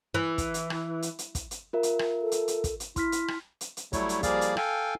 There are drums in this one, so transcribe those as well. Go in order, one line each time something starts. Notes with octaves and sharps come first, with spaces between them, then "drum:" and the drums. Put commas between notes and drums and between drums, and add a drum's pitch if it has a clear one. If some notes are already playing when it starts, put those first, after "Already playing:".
E3
drum: kick, hi-hat
drum: hi-hat
drum: rim click
drum: hi-hat
drum: hi-hat
drum: kick, hi-hat
drum: hi-hat
F4 A#4 E5
drum: hi-hat
drum: rim click
A4
drum: hi-hat
drum: hi-hat
drum: kick, hi-hat
drum: hi-hat
E4 C6 F6 B6, drum: kick, hi-hat
drum: hi-hat
drum: rim click
drum: hi-hat
drum: hi-hat
F#3 G3 A3 E4 C#5, drum: kick, hi-hat
drum: hi-hat
F3 G3 A#3 G#4 D5 F5, drum: kick, hi-hat
drum: hi-hat
A4 F5 G5 G#5, drum: rim click